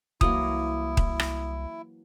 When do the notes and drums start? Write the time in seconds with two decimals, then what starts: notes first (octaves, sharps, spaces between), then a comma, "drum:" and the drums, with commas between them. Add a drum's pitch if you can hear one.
0.21 C2 E3 F#3 A#3 E4 D#6, drum: kick D#1
0.97 drum: kick D#1
1.20 drum: rim click